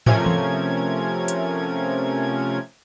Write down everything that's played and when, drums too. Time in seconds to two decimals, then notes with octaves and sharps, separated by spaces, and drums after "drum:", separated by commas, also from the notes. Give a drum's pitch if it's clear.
0.06 C3 F3 A3 C#4 A#4 G#6, drum: tom
0.26 drum: tom E3
1.28 drum: hi-hat